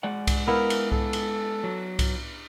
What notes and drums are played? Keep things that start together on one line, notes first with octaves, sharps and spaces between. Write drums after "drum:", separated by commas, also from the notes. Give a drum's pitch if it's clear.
G#3 D5 F#5
drum: kick C2, cymbal
B3 E4 A#4 F5
drum: cymbal
A4, drum: kick C2
drum: cymbal
F#3
drum: kick C2, cymbal